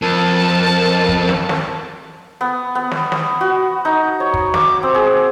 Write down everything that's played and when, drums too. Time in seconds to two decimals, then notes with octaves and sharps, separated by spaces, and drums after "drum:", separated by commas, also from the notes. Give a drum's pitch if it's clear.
0.02 F2 A#4 A5
1.09 drum: kick
1.29 drum: snare
1.49 drum: snare
2.41 B3
2.75 B3
2.91 drum: snare
3.12 drum: snare
3.41 F#4
3.85 D#4
4.20 C#5
4.34 drum: kick
4.54 D6, drum: snare
4.83 C4
4.95 G#4